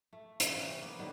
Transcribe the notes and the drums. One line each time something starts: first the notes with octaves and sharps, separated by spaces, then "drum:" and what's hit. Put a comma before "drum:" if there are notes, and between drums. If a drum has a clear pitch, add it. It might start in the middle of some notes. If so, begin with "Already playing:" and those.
A3
C#3 E3 B3, drum: hi-hat
C3
C#4
A#3 B3
D3 D#3 F#3 G3